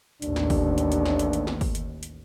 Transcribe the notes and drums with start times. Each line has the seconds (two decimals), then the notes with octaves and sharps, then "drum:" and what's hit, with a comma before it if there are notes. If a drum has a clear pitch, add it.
0.22 A1 D#2 D4, drum: hi-hat
0.36 drum: snare
0.50 drum: kick, open hi-hat
0.78 drum: hi-hat
0.92 drum: hi-hat
1.06 drum: snare
1.19 drum: hi-hat
1.33 drum: hi-hat
1.47 drum: snare
1.61 drum: kick, open hi-hat
1.75 drum: hi-hat
2.03 drum: hi-hat